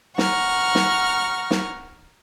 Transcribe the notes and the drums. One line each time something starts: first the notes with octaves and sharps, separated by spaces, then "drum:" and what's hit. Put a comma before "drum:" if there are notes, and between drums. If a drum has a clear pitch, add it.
F#5 A#5 C#6 F6, drum: snare
drum: snare
drum: snare